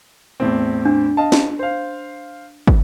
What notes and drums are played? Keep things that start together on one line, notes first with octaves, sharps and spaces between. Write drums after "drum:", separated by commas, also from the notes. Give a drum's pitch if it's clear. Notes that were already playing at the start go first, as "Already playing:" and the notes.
E2 A2 C4
D4
D#5 F5 A5
drum: snare
C5 F5
drum: kick